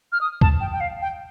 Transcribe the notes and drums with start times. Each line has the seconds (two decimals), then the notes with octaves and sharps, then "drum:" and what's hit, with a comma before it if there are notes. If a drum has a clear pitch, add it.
0.12 F6
0.21 D#6
0.41 A5, drum: kick D2
0.60 G5
0.72 G5
0.80 F5
1.02 G5